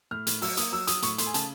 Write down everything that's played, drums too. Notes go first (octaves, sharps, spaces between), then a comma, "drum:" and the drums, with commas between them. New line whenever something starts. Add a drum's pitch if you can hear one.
A2 F6
A2, drum: hi-hat
F#3 E6, drum: open hi-hat
A#3 D#6, drum: hi-hat
F#3 E6
F#3 D#6, drum: hi-hat
A2 C#6, drum: hi-hat
A3 C6, drum: hi-hat
G#5
C#3 A5, drum: hi-hat